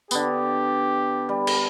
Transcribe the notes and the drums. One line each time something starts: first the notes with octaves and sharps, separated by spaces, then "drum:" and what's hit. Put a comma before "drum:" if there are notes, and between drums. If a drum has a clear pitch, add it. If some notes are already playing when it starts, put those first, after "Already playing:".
D3 B3 G4, drum: tambourine
G3
drum: cymbal